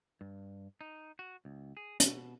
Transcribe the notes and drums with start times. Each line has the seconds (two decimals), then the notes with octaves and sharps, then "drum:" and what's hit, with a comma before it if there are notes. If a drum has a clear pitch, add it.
0.21 G2
0.81 D#4
1.19 F#4
1.45 C#2
1.77 G#4
2.00 B2, drum: hi-hat